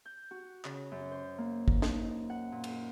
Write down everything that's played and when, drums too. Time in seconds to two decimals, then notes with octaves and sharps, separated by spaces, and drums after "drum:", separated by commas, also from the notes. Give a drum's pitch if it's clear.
0.05 G6
0.31 F#4
0.65 C#3, drum: clap
0.92 F#2
1.11 C5
1.38 A#3
1.68 drum: kick
1.82 D#4, drum: snare
2.30 F#5
2.52 A#2
2.64 drum: cymbal